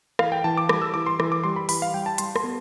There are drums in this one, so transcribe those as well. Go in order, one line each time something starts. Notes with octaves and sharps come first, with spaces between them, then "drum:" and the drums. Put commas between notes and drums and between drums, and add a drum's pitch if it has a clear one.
E3 F5, drum: rim click
G5
E3 A5
D6
G3 D6, drum: rim click
E6
E3 D6
C6
E3 D6, drum: rim click
D6
G3 C6
B5
E3 B5, drum: open hi-hat
F5
G3 G5
A5
G3 C6, drum: hi-hat
C6, drum: rim click
B3